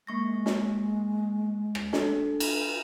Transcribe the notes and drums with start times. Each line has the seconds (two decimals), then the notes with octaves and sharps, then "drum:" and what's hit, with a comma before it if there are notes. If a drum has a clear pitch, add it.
0.07 G#3 A#3 C#6 A#6
0.46 drum: snare
1.75 drum: rim click
1.93 D4 A4, drum: snare
2.40 drum: cymbal